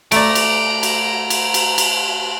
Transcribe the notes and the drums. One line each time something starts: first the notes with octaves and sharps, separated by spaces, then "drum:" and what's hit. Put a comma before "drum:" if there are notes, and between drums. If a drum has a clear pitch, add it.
A3 D5 A#5 D7, drum: cymbal
drum: cymbal
drum: cymbal
drum: cymbal
drum: cymbal
drum: cymbal